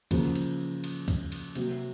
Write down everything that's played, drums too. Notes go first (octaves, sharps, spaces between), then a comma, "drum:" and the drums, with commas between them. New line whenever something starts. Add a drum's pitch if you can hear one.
C#3 F3 A#3, drum: kick, cymbal
drum: cymbal
drum: cymbal
drum: kick, cymbal
drum: cymbal
C3 F#3 A#3, drum: cymbal